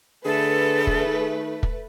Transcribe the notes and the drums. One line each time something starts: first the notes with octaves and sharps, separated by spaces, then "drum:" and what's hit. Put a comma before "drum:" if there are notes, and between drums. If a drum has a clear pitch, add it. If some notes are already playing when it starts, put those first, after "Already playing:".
D3 A3 G#4 A4 B4
drum: kick
D#3
drum: kick